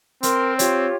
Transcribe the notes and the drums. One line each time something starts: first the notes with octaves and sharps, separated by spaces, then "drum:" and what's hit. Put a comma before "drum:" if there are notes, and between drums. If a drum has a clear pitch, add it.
C4 A#4 C6 F6, drum: hi-hat
F4 G4 C#5, drum: hi-hat